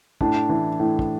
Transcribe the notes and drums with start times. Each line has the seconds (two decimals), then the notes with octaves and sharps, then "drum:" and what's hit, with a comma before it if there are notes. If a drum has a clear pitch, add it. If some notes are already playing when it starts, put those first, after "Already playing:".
0.21 A2 D4, drum: kick
0.49 E3
0.80 A2
0.99 drum: kick